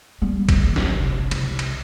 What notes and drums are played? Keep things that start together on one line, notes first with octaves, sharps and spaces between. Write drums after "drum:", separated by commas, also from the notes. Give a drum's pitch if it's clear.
G3 B3
drum: kick, cymbal
F#1
drum: snare
C3
C2, drum: cymbal
drum: cymbal